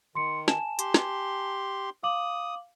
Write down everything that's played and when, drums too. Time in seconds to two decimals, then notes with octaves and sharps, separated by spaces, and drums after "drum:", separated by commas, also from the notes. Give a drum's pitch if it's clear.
0.15 D#3 C6 C#7
0.48 G#5 A5 E7, drum: snare
0.79 G4 C6, drum: hi-hat
0.94 drum: snare
2.03 F5 D6 D#6 F#7